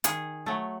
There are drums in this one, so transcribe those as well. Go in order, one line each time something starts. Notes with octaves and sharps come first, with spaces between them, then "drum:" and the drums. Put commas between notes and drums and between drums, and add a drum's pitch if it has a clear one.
D#3 G#4, drum: hi-hat
F#3 A3